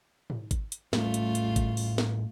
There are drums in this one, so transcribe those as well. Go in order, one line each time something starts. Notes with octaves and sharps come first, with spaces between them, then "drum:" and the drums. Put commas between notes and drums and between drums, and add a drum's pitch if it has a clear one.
drum: tom G#2
drum: kick G#1, hi-hat
drum: hi-hat
A2 G3 A3 C#4 F4, drum: snare
drum: hi-hat
drum: hi-hat
drum: kick G#1, hi-hat
drum: open hi-hat
drum: snare